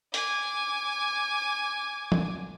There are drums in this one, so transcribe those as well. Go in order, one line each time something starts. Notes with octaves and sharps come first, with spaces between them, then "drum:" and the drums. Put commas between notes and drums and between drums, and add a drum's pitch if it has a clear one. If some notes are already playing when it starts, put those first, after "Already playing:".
G#5 D6, drum: hi-hat
drum: tom